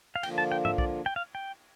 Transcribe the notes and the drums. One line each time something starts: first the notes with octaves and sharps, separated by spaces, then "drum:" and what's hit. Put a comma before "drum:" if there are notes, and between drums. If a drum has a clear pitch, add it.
F5
D3 F3 A#3 D4 F4 G5, drum: cymbal
A5
G5
E5, drum: tom G#2
D5, drum: kick B1
G5
F5
G5